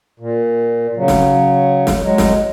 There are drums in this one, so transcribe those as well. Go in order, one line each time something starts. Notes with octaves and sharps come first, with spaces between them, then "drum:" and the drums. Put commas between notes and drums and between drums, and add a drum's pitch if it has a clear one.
A#2
C#3 F#3
drum: snare
drum: snare
F#3 G#3
drum: snare